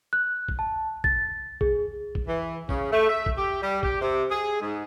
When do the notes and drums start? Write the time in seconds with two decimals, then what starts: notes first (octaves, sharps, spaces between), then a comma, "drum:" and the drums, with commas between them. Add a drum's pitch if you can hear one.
0.13 F#6
0.48 drum: kick
0.59 A5
1.04 A6, drum: kick
1.61 G#4, drum: kick
2.15 drum: kick
2.27 E3
2.69 C#3, drum: kick
2.91 A3
3.08 E5
3.26 drum: kick
3.37 G4
3.62 G3
3.83 G4, drum: kick
4.01 C3
4.31 G#4
4.60 G#2